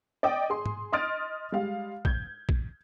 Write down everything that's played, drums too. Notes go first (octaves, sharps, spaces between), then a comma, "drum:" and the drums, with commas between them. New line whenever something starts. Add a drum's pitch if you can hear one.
D5 D#5 G5 D6 D#6
G#4 C6
drum: tom
D#5 C6 D#6 F6 A6 D7
G3 G#3 F5
G6 G#6, drum: kick
drum: kick